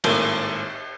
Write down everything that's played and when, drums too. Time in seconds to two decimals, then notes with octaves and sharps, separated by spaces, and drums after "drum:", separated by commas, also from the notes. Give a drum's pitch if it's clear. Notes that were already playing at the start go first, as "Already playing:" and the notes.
0.04 G#1 A2 A#3, drum: cymbal